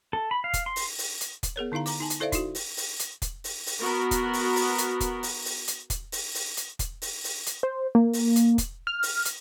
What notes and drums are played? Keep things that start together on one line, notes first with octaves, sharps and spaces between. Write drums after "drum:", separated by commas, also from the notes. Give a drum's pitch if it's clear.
A4
B5
F5
drum: kick, hi-hat
C6
drum: open hi-hat
drum: open hi-hat
drum: hi-hat
drum: kick, hi-hat
B3 G#4 A#4 C#5
D3 D#4 E4 F5 A#5
A#5 D6, drum: open hi-hat
D#4 G#5 A5
drum: hi-hat
E4 A4 C5 D5 E5 F5
D#4 E4 F#4, drum: kick, hi-hat
drum: open hi-hat
drum: open hi-hat
drum: hi-hat
drum: kick, hi-hat
drum: open hi-hat
drum: open hi-hat
B3 F#4 A#4
drum: kick, hi-hat
drum: open hi-hat
drum: open hi-hat
drum: hi-hat
drum: kick, hi-hat
drum: open hi-hat
drum: open hi-hat
drum: hi-hat
drum: kick, hi-hat
drum: open hi-hat
drum: open hi-hat
drum: hi-hat
drum: kick, hi-hat
drum: open hi-hat
drum: open hi-hat
drum: hi-hat
C5
A#3
drum: open hi-hat
drum: hi-hat
drum: kick, hi-hat
F6
drum: open hi-hat
drum: hi-hat